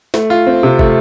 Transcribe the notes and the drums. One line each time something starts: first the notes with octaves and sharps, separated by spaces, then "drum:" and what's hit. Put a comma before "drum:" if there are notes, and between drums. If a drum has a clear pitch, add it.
A3, drum: snare
F4
C4
C3
A3, drum: kick